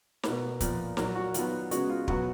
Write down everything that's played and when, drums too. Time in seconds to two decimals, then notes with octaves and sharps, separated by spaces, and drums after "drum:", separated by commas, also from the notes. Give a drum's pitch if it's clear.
0.23 B2 A#3 B4, drum: snare
0.60 A#2 F3 B3, drum: kick, hi-hat
0.97 A#2 F#3 A#3 A#4, drum: snare
1.15 F#4
1.34 D#3 F#3 B3 F4, drum: hi-hat
1.71 C#3 G#3 B3 F#4, drum: hi-hat
1.89 F4
2.08 B2 F#3 B3 F#4, drum: kick